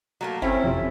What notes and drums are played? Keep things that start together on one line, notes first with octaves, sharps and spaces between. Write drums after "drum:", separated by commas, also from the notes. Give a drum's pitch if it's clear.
F#3 A3 A#3
C4 C#4 E4 A4, drum: kick F#1
F2 C3